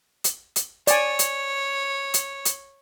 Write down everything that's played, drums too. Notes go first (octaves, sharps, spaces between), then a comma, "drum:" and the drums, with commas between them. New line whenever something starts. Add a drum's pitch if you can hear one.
drum: hi-hat
drum: hi-hat
C#5 D5 G#5, drum: hi-hat
drum: hi-hat
drum: hi-hat
drum: hi-hat